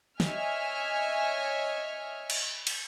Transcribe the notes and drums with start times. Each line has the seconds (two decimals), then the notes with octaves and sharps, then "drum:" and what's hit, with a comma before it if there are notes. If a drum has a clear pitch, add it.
0.20 C#5 D#5 E5 G#5 F6, drum: snare
2.30 drum: cymbal
2.67 drum: cymbal